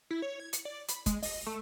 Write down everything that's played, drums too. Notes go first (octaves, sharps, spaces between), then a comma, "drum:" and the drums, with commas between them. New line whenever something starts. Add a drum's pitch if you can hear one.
E4
C#5
G#6
C#7, drum: hi-hat
D5
B5, drum: hi-hat
G#3, drum: kick, hi-hat
D#5, drum: open hi-hat
A3